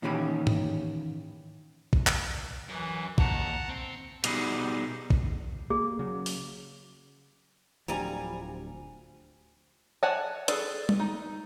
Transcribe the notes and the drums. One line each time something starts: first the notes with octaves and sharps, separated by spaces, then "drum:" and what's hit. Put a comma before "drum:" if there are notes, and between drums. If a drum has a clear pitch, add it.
A#2 D#3 E3 C#4 G4 B5
drum: tom G#2
drum: kick
drum: clap
F#2 E3
D#2 F#5 A5 A#5, drum: kick
C4
B2 G3 D#4 G#4 B4, drum: hi-hat
drum: kick
A#3 G#4
C#3 F#3
drum: open hi-hat
D1 D2 F3 G3 G#5 A#5
C#5 D5 F#5 G#5 A5
G#4 A4 B4 D5, drum: hi-hat
drum: tom G3
D#4